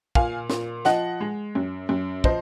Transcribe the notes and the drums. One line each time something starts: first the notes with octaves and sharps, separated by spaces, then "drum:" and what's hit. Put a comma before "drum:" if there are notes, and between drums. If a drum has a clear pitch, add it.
A#2 F5 G#5, drum: kick
A#2, drum: snare
F3 D#5 F#5, drum: snare
G#3
F#2
F#2
F3 C5 D#5, drum: kick